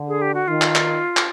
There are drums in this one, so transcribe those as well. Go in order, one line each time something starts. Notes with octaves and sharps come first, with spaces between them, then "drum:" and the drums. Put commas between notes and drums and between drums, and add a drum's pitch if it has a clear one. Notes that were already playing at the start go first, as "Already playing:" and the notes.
Already playing: D3
G#4
G4
F#4
D#3 F4
drum: clap
drum: clap
drum: clap